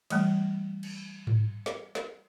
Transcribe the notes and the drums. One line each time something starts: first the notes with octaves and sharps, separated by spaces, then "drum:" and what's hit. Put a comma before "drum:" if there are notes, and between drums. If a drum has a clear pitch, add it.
E3 G3 A3, drum: cymbal
drum: cymbal
drum: tom G#2
drum: snare
drum: snare